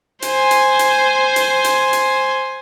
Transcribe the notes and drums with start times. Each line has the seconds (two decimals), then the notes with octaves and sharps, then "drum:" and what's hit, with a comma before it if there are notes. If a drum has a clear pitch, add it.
0.22 C5 G#5, drum: hi-hat
0.51 drum: hi-hat
0.79 drum: hi-hat
1.36 drum: hi-hat
1.64 drum: hi-hat
1.93 drum: hi-hat